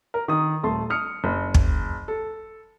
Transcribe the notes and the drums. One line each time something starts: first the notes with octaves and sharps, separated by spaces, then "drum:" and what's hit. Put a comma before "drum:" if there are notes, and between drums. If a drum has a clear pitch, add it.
A#4
D#3 D#6
D#1 A3 A5 C6
D#6 F6 C#7
F#1
drum: kick
A4